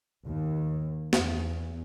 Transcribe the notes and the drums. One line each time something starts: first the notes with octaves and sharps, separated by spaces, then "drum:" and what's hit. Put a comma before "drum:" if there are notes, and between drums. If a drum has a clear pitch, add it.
D#2
E2, drum: snare